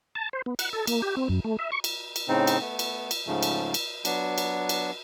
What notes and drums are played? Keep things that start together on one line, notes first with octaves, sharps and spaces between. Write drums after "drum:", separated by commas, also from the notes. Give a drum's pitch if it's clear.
A5
C5
B3
F#5, drum: cymbal
A4
A#3, drum: cymbal
G4
C4
F#2
A3
E5
C#6
drum: cymbal
drum: cymbal
A2 C#3 C4 D#4
drum: cymbal
A3 B3
drum: cymbal
drum: cymbal
G#2 C#3 F3 A3
drum: cymbal
drum: cymbal
F#3 B3 D4, drum: cymbal
drum: cymbal
drum: cymbal